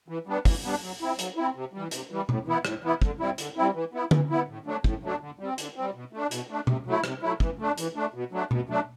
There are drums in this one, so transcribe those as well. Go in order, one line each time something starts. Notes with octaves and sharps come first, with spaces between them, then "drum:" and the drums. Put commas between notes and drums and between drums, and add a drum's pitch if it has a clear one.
E3
G3 B3 D4
E3, drum: kick, open hi-hat
G3 B3 D4
F#3
C4 E4
F#3, drum: hi-hat
C4 E4
C3
E3 G3
C3, drum: hi-hat
E3 G3
A2, drum: tom B2
E3 B3 E4
A2, drum: rim click
E3 B3 E4
D3, drum: kick
G3 C4 E4
D3, drum: hi-hat
G3 C4 E4
E3
B3 E4
E3, drum: tom D3
B3 E4
A2
F#3 A3 D4
A2, drum: kick
F#3 A3 D4
D3
G3 C4
D3, drum: hi-hat
G3 C4
B2
A3 D4
B2, drum: hi-hat
A3 D4
C3, drum: tom B2
F#3 A3 E4
C3, drum: rim click
F#3 A3 E4
E3, drum: kick
A3 D4
E3, drum: hi-hat
A3 D4
B2
F#3 A3 D4
B2, drum: tom B2
F#3 A3 D4